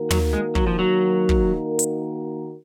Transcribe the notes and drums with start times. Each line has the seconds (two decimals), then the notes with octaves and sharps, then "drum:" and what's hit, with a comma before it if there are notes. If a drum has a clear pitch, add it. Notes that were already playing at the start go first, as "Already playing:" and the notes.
Already playing: D#3 A#3 D#4 F#4 A#4
0.11 F#3, drum: tom
0.33 G#3
0.55 F#3, drum: kick
0.67 F3
0.79 F#3
1.29 drum: kick
1.79 drum: hi-hat